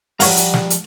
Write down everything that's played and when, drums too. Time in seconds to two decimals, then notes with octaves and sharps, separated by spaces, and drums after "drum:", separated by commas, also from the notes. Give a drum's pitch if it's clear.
0.20 F3 G3 C#5 F5 F#5 A#5, drum: open hi-hat
0.37 drum: hi-hat
0.54 drum: snare
0.70 drum: hi-hat